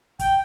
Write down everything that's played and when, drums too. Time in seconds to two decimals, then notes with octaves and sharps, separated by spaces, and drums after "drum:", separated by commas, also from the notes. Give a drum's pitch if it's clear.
0.19 G5, drum: kick, hi-hat